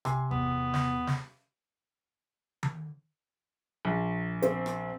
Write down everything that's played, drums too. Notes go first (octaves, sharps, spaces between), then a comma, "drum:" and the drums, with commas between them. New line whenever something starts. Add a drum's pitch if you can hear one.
C3 G#5 C6, drum: rim click
E2 B3, drum: kick G1
drum: snare
drum: snare
drum: tom D#3
A#1
C4, drum: hi-hat
drum: rim click